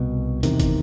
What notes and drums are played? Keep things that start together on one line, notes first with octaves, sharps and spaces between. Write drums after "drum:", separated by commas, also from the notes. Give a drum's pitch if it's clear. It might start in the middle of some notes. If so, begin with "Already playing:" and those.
Already playing: C2 B2
E2 C3 D#3, drum: hi-hat
drum: kick, hi-hat